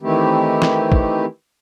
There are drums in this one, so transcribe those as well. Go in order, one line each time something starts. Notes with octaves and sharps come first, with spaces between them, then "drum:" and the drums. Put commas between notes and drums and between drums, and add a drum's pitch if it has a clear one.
D#3 E3 A3 C4 E4 G4
drum: snare
drum: kick